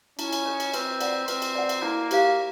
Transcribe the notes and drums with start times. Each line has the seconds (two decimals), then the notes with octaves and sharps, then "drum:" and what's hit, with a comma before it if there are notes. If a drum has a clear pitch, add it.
0.19 C#4 E4, drum: cymbal
0.33 drum: cymbal
0.46 A4 C#5
0.60 drum: cymbal
0.74 C4 B4, drum: cymbal
1.01 D5 F#5, drum: cymbal
1.28 C4 B4, drum: cymbal
1.42 drum: cymbal
1.55 D5 F#5
1.69 drum: cymbal
1.82 A#3 E4
2.11 G4 C5 F5, drum: cymbal